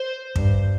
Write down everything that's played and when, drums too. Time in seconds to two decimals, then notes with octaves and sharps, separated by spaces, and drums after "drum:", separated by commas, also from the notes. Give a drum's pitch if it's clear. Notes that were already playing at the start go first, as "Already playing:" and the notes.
Already playing: C5
0.36 G2, drum: kick